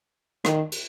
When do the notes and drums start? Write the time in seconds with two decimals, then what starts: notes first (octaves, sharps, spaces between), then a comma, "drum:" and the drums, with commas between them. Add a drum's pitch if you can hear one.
0.45 D#3, drum: rim click
0.72 drum: cymbal